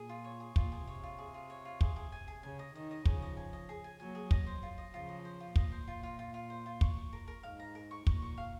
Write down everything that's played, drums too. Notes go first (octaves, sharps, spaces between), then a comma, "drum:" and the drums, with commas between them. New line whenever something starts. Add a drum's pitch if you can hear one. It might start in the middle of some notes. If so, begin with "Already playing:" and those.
Already playing: A#2 G#4
F4
C#5
G#4
A#2 F4, drum: kick
G#4
C3 C#5
F4
G#4
F4
C#5
F4
G#4, drum: kick
G#4
G#5
G#4
C#3 G#5
D#5
D#3 D#5
D#5
C#3 F3 G#4, drum: kick
D#5
G#5
D#5
G#4
G#5
F#3 A#3 G#5
G#4
D#5, drum: kick
C5
F4
D#5
C#3 F3 F4
D#5
C5
F4
A#2 D#5, drum: kick
C5
F4
F4
F4
F4
C5
F4
C#6, drum: kick
C#6
A#4
A#4
G#2 F5
A#5
A#4
C#6
A#2 C#6, drum: kick
C#6
F5